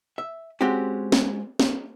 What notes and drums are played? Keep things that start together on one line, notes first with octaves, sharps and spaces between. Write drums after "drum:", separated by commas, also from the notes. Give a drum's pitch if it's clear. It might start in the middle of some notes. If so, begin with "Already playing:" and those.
E5
G#3 C4 C#4 F#4 G4
drum: snare
drum: snare